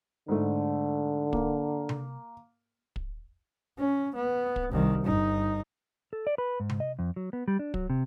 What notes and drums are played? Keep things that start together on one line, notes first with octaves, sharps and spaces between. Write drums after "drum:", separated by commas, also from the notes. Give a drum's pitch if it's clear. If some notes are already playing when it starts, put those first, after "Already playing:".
G#2 D3 A3
A#3, drum: kick
drum: tom C3
drum: kick
C#4
B3
drum: kick
C2 D#3
G1 D#4
A4
D5
B4
G#2
drum: tom C3
D#5
F2
F#3
B3
G3
D4
F#3, drum: kick
C3